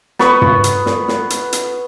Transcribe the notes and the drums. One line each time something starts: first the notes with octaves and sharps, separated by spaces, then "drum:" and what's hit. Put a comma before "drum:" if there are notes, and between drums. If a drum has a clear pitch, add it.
B3 B5 C#6, drum: snare
drum: tom
drum: hi-hat
drum: snare
drum: snare
drum: hi-hat
drum: hi-hat